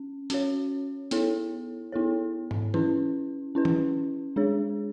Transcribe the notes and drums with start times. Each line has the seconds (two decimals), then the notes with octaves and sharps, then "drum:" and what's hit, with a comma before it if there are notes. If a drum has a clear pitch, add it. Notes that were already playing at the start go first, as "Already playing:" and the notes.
Already playing: C#4
0.30 C#4 F#4 C#5, drum: hi-hat
1.11 B3 E4 A4 C#5, drum: hi-hat
1.92 B3 E4 A4 C#5
2.51 drum: tom G#2
2.74 C#4 E4 B4, drum: tom E3
3.55 C#4 E4 B4
3.65 drum: tom E3
4.36 G#3 D4 G#4 C#5